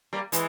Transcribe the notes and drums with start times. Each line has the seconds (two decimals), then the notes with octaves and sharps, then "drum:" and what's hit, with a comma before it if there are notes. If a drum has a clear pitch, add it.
0.13 G3 A#3
0.32 E3 G#3, drum: hi-hat